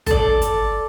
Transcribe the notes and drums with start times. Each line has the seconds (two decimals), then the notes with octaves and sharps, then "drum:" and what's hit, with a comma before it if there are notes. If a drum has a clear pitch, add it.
0.06 A4 D5, drum: kick, hi-hat
0.42 drum: hi-hat